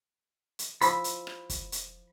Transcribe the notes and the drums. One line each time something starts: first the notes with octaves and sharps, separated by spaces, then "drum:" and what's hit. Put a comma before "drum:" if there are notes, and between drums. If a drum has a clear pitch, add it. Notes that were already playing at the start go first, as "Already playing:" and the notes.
drum: hi-hat
F3 E4 B5, drum: hi-hat
drum: hi-hat
drum: rim click
drum: kick, hi-hat
drum: hi-hat